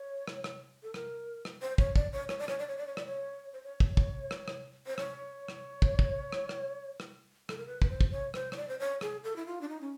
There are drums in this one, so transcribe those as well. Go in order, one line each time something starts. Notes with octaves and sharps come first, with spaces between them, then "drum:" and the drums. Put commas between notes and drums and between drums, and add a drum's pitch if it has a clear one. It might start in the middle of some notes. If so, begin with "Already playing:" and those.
Already playing: C#5
drum: rim click
drum: rim click
A4
A#4, drum: rim click
drum: rim click
C5
C#5, drum: kick
D5, drum: kick
C#5
C#5, drum: rim click
D5
C#5, drum: rim click
D5
C#5
D5
C#5
D5, drum: rim click
C#5
C5
C#5
drum: kick
drum: kick
drum: rim click
drum: rim click
C5
C#5, drum: rim click
drum: rim click
drum: kick
drum: kick
drum: rim click
drum: rim click
drum: rim click
A4, drum: rim click
A#4
B4
B4, drum: kick
C5
drum: kick
C#5
C5, drum: rim click
C#5, drum: rim click
D5
C5
C#5
G#4, drum: rim click
A4
E4
F4
D4
D#4
C#4